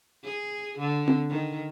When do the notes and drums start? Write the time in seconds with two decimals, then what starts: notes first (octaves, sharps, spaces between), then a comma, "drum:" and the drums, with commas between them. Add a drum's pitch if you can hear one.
0.24 G#4
0.78 D3
1.08 drum: tom C4
1.29 D#3